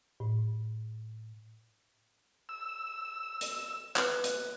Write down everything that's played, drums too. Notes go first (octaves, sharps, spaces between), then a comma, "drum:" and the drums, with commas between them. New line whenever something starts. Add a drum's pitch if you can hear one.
A2
E6
drum: hi-hat
B4, drum: clap
drum: hi-hat